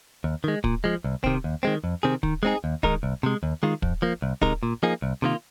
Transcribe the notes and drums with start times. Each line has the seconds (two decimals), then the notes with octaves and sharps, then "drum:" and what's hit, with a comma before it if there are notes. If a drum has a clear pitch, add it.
0.24 D#2
0.44 D#3 G#3
0.64 A#2, drum: kick
0.84 F3 G#3
1.04 C2
1.24 C3 D#3 C4, drum: kick
1.44 D#2
1.63 D#3 G#3 C4
1.84 F2
2.03 C3 D#3 C4 G#4
2.23 D#3, drum: kick
2.43 G#3 C4 D#4 G#4
2.64 D#2
2.83 D#3 G#3 D#4 A#4, drum: kick
3.03 C2
3.23 C3 G#3
3.43 D#2
3.63 D#3 G#3 F4
3.82 F2, drum: kick
4.02 F3 A#3
4.22 C2
4.42 C3 G#3 D#4 A#4, drum: kick
4.63 A#2
4.83 F3 A#3 D#4 G#4
5.02 C2
5.22 C3 D#3 A#3 F4